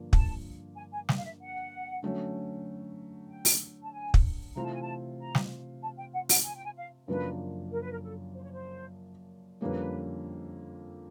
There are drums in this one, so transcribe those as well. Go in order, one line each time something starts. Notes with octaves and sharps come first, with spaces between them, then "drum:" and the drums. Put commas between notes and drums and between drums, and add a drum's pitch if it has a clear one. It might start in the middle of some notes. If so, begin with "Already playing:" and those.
Already playing: G2 D3 F3 A#3 D4
A5, drum: kick
G#5
G#5
G5, drum: snare
F5
E5
F#5
D3 F#3 A3 C#4
G5
drum: open hi-hat
A5
G#5
drum: kick
C3 E3 A3 C4 F4 A#5
A5
G#5
A5
A#5
drum: snare
A5
G5
F#5
F#5, drum: open hi-hat
G#5
G5
G#5
F5
F#2 C#3 F3 A#3 D4 B4
A#4
B4
A#4
A4
C5
C#5
C5
F2 D3 G3 A#3 C#4 B4